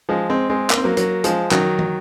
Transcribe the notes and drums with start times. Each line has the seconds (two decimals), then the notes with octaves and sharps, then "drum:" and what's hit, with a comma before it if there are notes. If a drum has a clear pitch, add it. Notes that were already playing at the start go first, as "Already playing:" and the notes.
0.09 F3 G#3
0.30 G#3 C4
0.50 G#3 C4
0.70 A#3, drum: clap
0.77 C4
0.84 F#3 A#3
0.97 F#3 A#3, drum: hi-hat
1.24 F3 G#3, drum: hi-hat
1.51 D#3 F#3, drum: clap
1.79 drum: tom